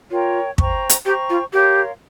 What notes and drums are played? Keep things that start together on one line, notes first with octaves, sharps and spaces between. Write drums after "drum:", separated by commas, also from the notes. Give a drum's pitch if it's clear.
F4 A#4 C#5 G5
C5 G5 A#5 C#6, drum: kick
drum: hi-hat
G4 C5 G5 A#5 C#6
F4
G4 A#4 C#5 F5 C6